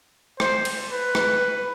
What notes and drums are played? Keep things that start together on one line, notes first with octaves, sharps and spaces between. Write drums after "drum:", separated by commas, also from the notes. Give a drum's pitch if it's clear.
C5, drum: rim click
drum: cymbal
B4
drum: rim click